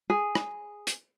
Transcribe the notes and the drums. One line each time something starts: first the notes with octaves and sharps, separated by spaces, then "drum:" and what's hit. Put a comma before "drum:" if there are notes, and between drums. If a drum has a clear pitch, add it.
G#4
drum: rim click
drum: hi-hat